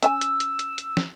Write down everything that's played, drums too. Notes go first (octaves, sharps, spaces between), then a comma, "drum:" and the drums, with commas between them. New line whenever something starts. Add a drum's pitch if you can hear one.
C#4 E5 G#5 E6, drum: hi-hat
drum: hi-hat
drum: hi-hat
drum: hi-hat
drum: hi-hat
drum: snare